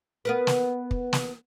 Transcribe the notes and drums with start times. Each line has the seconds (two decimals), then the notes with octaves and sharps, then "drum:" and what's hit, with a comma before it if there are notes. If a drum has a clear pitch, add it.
0.25 B3 A#4 B4
0.47 drum: snare
0.91 drum: kick
1.13 drum: snare